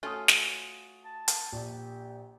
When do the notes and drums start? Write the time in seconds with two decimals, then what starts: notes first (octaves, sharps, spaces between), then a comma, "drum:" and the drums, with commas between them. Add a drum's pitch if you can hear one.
0.03 A3 C#4 F4 F#4 G#5 D#6
0.28 drum: snare
1.05 A5
1.28 drum: hi-hat
1.52 A#1 G4